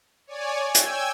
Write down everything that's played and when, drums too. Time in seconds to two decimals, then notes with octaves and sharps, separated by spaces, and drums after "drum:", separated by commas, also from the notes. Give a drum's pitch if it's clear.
0.27 C#5 D5 G#5
0.75 G5 G#5 E6 G#6, drum: hi-hat